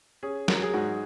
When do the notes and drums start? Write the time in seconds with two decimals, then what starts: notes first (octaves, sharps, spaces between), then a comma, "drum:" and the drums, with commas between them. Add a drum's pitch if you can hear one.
0.23 C#4 G#4
0.48 F#3 A#4, drum: snare
0.62 G#4
0.74 G#2 F#4